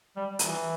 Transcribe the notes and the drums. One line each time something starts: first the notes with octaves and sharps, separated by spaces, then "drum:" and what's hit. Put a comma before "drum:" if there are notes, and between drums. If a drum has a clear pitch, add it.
G3
E3, drum: hi-hat